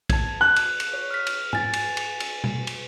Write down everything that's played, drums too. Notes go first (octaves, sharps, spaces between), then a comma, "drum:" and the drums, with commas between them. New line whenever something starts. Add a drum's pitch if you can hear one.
A5 G#6, drum: kick, cymbal
F#6
drum: cymbal
drum: cymbal
C#5
F6 B6
drum: cymbal
G#5 A6, drum: tom G#2
drum: cymbal
drum: cymbal
drum: cymbal
drum: tom B2
drum: cymbal